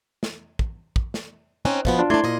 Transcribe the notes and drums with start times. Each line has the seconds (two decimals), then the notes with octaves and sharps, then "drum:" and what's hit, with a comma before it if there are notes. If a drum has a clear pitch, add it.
0.23 drum: snare
0.59 drum: kick
0.96 drum: kick
1.14 drum: snare
1.65 C4 C#4 D#4 C5
1.85 B2 F3 B3, drum: kick
1.99 D4 F4
2.10 A3 D4 E4 D5 C6 G#6
2.24 A#2 D#5